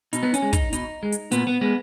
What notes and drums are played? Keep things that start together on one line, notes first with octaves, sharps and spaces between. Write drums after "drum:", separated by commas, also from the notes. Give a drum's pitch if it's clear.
B2 D#4, drum: hi-hat
B3
C#4, drum: hi-hat
G#3
D#4, drum: kick, hi-hat
B2 D#4, drum: hi-hat
G#3
drum: hi-hat
A#2 B3, drum: hi-hat
B3
G#3 B3